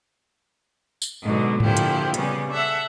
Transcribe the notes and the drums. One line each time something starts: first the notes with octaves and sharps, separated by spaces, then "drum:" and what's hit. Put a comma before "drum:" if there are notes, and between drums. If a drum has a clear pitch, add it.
drum: tambourine
G#2 B2 D3 F#3
A#2 D3 F3 E4 G4, drum: tom G#2
drum: hi-hat
C#3 G3 B3 C#4, drum: hi-hat
A4 E5 F#5